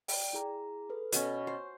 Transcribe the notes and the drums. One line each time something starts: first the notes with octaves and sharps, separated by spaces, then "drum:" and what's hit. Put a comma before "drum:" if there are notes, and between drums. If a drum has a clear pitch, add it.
D5 G5, drum: open hi-hat
E4 G#4 A#5
A4 B4
B2 B3 C#4 C#5 C#6, drum: hi-hat
C5